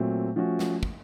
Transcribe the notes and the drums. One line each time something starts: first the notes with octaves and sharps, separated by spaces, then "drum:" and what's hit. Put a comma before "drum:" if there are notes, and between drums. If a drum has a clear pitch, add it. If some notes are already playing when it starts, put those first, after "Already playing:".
Already playing: A#2 F#3 A3 C4
F3 A3 C#4 F#4
drum: snare
drum: kick